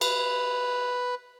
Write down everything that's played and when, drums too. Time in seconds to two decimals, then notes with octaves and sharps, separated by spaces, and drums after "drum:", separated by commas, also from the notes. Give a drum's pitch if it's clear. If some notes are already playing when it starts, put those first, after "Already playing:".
0.01 B4, drum: cymbal